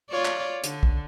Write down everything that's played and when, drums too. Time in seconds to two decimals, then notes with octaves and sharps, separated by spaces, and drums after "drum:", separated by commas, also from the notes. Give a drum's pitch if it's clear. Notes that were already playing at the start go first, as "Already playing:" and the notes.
0.10 F4 C#5 D5
0.25 drum: clap
0.64 D3, drum: hi-hat
0.83 drum: kick